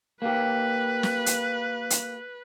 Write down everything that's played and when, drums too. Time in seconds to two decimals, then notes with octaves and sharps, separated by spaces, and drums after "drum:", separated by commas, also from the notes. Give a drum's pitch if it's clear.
0.22 A#3 G4 B4
1.03 drum: snare
1.26 drum: hi-hat
1.90 drum: hi-hat